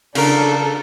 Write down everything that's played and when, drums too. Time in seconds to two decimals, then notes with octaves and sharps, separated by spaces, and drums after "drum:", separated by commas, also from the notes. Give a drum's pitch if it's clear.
0.15 C#3 D4 A4 A#4, drum: cymbal